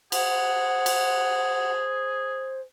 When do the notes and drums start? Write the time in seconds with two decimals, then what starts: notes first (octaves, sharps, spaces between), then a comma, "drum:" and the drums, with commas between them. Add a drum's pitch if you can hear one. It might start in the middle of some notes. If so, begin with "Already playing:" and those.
0.12 G#4 C5 F#5, drum: cymbal
0.86 drum: cymbal